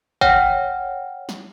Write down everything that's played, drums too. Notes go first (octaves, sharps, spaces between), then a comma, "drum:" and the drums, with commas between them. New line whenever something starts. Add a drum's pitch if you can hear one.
C#5 F#5 G5 F6 A#6, drum: kick
drum: snare